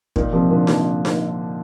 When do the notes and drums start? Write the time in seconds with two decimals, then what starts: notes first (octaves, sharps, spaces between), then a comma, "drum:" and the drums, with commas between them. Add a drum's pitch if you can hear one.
0.16 A#2 D#3, drum: kick
0.33 C3 F3 A#3
0.50 A#2 D3
0.67 C3 F3 A#3, drum: snare D#4
1.05 drum: snare D#4